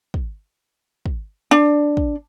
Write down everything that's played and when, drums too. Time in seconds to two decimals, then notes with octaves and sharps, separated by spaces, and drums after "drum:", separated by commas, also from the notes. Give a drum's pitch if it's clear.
0.14 drum: kick
1.06 drum: kick
1.51 D4
1.97 drum: kick